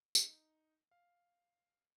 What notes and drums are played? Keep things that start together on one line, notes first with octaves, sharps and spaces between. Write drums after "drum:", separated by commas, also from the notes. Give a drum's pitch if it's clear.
D#4, drum: tambourine
F5